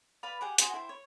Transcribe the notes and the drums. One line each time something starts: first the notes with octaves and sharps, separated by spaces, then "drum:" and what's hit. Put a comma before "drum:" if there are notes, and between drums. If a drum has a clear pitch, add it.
B4 D5 F5 B5
G4 G#4 F#5 D6
F#4 G#4 C5 F#5, drum: hi-hat
E4 C5 G5
C#5